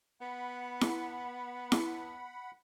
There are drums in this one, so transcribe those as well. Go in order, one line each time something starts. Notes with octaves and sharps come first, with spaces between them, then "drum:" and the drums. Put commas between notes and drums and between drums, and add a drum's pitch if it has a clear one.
B3 F#5 B5
drum: snare E4
drum: snare E4